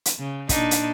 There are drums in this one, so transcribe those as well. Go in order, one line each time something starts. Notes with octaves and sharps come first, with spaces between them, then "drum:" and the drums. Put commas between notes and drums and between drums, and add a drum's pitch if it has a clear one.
drum: hi-hat
C#3
A#2 D4 D#4, drum: kick, hi-hat
drum: hi-hat